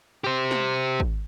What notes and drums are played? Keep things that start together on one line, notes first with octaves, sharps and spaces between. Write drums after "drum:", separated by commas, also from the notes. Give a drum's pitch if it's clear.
G4 C5
drum: snare
drum: kick G#1